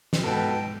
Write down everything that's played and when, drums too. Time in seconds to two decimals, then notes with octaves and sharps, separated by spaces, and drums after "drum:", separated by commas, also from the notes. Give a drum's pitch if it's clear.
0.13 drum: snare
0.24 G#2 B2 A4 G5